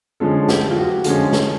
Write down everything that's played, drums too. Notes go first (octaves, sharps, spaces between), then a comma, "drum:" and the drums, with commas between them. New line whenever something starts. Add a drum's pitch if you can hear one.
D3 F3 G#3 C#4 A4
G4, drum: snare
F4
F#4
D3 F3 G#3 C#4 F4, drum: hi-hat
drum: snare